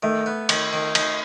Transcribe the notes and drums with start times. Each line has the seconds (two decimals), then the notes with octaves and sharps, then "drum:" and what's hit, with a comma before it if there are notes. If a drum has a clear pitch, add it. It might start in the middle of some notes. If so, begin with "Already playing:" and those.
0.03 D#3 A3
0.26 B3
0.49 D#3, drum: cymbal
0.73 D#3
0.95 D#3, drum: cymbal